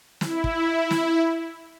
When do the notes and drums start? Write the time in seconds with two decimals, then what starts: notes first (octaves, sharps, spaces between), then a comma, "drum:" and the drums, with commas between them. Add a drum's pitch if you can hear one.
0.21 E4, drum: snare
0.44 drum: kick
0.91 drum: snare